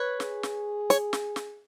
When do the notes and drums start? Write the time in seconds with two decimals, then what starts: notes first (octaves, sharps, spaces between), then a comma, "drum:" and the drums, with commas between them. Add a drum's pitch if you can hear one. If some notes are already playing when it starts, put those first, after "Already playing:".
Already playing: B4 C#5
0.20 G#4, drum: snare
0.43 drum: snare
0.90 C#5, drum: hi-hat
1.13 drum: snare
1.36 drum: snare